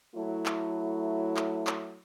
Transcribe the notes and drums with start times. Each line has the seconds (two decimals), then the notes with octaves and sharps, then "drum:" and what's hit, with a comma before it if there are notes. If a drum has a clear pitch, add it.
0.15 F#3 A3 E4
0.46 drum: clap
1.37 drum: clap
1.67 drum: clap